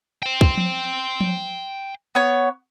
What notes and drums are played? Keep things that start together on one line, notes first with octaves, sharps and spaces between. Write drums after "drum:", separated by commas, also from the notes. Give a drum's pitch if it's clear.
G5 C6
drum: kick
drum: tom F3
drum: tom F3
B3 C#5